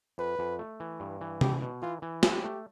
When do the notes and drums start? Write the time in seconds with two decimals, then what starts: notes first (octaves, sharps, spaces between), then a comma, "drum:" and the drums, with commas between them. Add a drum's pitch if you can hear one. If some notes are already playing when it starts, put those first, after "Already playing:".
0.18 F2 B4
0.39 F2
0.59 A3
0.80 E3
1.00 G2
1.21 E3
1.41 B2 G4, drum: tom C3
1.62 B2
1.82 E3 F4
2.02 E3
2.23 E4 G4, drum: snare
2.44 A3